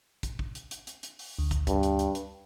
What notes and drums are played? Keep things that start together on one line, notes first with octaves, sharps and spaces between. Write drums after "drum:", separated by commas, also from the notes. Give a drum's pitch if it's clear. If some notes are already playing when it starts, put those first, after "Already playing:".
drum: kick, hi-hat
drum: kick
drum: hi-hat
drum: hi-hat
drum: hi-hat
drum: hi-hat
drum: open hi-hat
D2
drum: kick, hi-hat
G2, drum: kick, hi-hat
drum: hi-hat
drum: hi-hat
drum: hi-hat